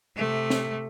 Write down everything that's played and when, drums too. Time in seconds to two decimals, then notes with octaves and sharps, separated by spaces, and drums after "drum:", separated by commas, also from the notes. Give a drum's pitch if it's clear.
0.16 C3 A3
0.50 drum: snare